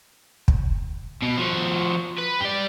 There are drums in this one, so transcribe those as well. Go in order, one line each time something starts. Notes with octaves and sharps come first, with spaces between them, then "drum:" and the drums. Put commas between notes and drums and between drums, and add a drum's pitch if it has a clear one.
drum: kick
B2
F3 F#4
B4
G4 D5